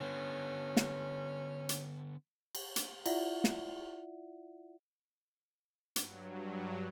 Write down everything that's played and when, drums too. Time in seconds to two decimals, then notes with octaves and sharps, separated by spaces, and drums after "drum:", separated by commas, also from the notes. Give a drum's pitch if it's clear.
0.01 D3 B3 C#4
0.77 drum: snare
1.69 drum: hi-hat
2.55 drum: cymbal
2.76 drum: hi-hat
3.06 E4 F4 D5 E5 F#5, drum: cymbal
3.44 drum: snare
5.96 G2 F#3, drum: hi-hat